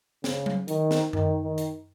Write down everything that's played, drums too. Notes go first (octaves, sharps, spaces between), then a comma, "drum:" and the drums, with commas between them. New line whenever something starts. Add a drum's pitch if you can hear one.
C#3, drum: snare
drum: tom F#3
D#3, drum: hi-hat
drum: snare
D#3, drum: tom F#2
D#3
drum: hi-hat